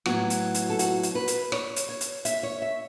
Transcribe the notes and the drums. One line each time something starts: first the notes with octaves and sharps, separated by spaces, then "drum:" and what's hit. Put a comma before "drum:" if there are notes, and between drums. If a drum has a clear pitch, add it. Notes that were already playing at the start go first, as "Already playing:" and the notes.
A2 F#3 B3 F#4, drum: rim click
drum: hi-hat
drum: hi-hat
A4
F#4, drum: hi-hat
drum: hi-hat
B4
drum: hi-hat
C#5, drum: rim click
drum: hi-hat
C#5
drum: hi-hat
E5, drum: hi-hat
C#5
E5